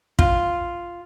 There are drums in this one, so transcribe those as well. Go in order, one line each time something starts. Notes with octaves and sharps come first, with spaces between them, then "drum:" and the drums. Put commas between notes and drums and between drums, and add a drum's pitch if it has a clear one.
F4, drum: kick